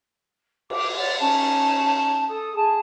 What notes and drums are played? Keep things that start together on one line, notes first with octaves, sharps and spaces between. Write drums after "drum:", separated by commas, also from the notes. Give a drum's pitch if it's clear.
D6, drum: cymbal
C#5 D5 F#5
C#4 D#4 A5
A4 D#6
G#4 G#5 A5